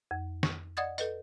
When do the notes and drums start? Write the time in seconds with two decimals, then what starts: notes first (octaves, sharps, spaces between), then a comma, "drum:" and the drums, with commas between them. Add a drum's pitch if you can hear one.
0.11 F2
0.43 C#6, drum: snare
0.77 D5 D#5 F#5 D#6 G#6 A6
0.98 A4 B4 D#5, drum: tambourine